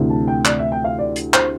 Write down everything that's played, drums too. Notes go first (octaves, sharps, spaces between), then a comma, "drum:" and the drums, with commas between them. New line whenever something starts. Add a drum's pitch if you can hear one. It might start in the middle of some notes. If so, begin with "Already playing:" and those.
Already playing: D2 C3 E3
A5
G5
D5, drum: clap
E5
G5
F5
D5
drum: hi-hat
C5, drum: clap